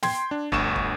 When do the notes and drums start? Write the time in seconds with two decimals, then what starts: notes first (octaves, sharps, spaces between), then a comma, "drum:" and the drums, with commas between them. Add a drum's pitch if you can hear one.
0.03 G5 C6 G#6, drum: snare
0.31 D4
0.52 G1 D2 C#6 E7, drum: kick
0.76 drum: kick